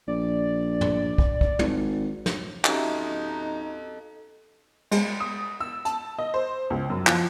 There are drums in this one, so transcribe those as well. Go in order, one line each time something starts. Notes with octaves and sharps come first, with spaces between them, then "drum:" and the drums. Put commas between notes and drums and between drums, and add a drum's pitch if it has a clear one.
A#1 D5
drum: tom
drum: kick
drum: kick
G#1, drum: tom
drum: snare
C#4 D#4 F#4 G4 A4 D#5 E5 A5, drum: clap
G#3, drum: cymbal
D#6
E6
A5, drum: hi-hat
D#5
C5
C#2
F#2
F3, drum: clap